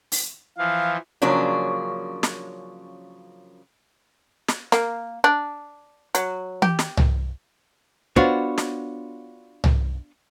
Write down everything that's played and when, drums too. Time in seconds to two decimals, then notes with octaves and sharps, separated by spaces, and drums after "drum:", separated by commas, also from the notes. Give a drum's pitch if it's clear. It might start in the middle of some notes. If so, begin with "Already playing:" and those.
0.12 drum: open hi-hat
0.58 E3 F3 F5
1.22 C#3 F3 F#3 A#3 C#4 D4
2.23 drum: snare
4.49 drum: snare
4.72 A#3, drum: snare
5.24 D4
6.15 F#3, drum: hi-hat
6.62 G4, drum: tom
6.79 drum: snare
6.97 drum: tom C2
8.16 B3 D4 F4 F#4 C5 C#5, drum: kick
8.58 drum: snare
9.64 drum: tom C2